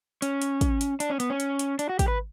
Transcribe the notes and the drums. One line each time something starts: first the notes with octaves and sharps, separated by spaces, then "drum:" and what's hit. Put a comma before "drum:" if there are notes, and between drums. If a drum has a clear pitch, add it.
C#4, drum: hi-hat
drum: hi-hat
drum: kick, hi-hat
drum: hi-hat
D4, drum: hi-hat
C#4
B3, drum: hi-hat
C#4
drum: hi-hat
drum: hi-hat
D4, drum: hi-hat
F#4
G4, drum: kick, hi-hat
B4